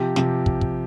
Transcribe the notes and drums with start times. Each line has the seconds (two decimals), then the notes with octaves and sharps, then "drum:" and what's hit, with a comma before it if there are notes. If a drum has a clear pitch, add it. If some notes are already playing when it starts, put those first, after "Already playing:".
Already playing: C3 F3 G4
0.16 C3 F3, drum: snare
0.46 drum: kick
0.61 drum: kick